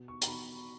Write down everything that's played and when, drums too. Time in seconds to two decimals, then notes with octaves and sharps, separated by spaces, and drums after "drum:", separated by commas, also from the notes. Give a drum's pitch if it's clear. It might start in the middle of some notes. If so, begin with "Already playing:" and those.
Already playing: B2
0.08 C#6
0.21 A#5, drum: hi-hat
0.27 B2 B5